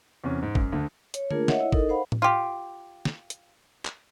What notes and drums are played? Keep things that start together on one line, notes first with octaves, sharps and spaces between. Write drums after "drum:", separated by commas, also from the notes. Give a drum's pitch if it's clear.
E2 C3 C#4
G#2
F#2, drum: kick
D2 D3
C#5, drum: hi-hat
A3 A#3 D4 F4 G#4 A#4, drum: tom D3
C#5 D#5 E5 F#5, drum: snare
E4
D#4 A4 A#4 D#5, drum: kick
C5 F5 F#5 B5
drum: tom A2
F4 G4
drum: snare
drum: hi-hat
drum: clap